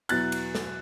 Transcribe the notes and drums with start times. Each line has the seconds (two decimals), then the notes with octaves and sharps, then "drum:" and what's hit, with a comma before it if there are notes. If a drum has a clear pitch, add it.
0.09 E2 B2 F#3 B3 E4 F#6 A6, drum: cymbal
0.32 drum: cymbal
0.55 drum: snare